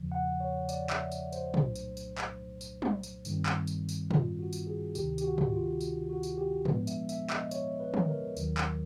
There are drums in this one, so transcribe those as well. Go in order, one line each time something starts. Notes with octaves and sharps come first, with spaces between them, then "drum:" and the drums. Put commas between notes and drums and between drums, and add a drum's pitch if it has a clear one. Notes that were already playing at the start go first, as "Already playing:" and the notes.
Already playing: E2 C#3 F3
F#5
C#5
D5, drum: tambourine
E5, drum: clap
drum: tambourine
C5, drum: tambourine
C2 A#2 F#3 A3 D4, drum: tom
drum: tambourine
drum: tambourine
drum: clap
drum: tambourine
drum: tom
drum: tambourine
G2 D#3 G3 C4, drum: tambourine
drum: clap
drum: tambourine
drum: tambourine
F4, drum: tom
F#4
drum: tambourine
G#4
D2 C3 D#3 G4, drum: tambourine
G4, drum: tambourine
F#4
drum: tom
F4
drum: tambourine
F#4
drum: tambourine
G4
A#2 F3 G#3 B3 D4 B4, drum: tom
E5, drum: tambourine
E5, drum: tambourine
D#5, drum: clap
C#5, drum: tambourine
B4
drum: tom
A#4
D#2 D#3 F#3, drum: tambourine
drum: clap